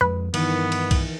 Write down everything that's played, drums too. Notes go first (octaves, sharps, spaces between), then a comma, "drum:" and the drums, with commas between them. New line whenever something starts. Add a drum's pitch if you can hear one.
F2 G#3 B4
G2 D#3 E3 B3, drum: cymbal
drum: cymbal
drum: kick B1, cymbal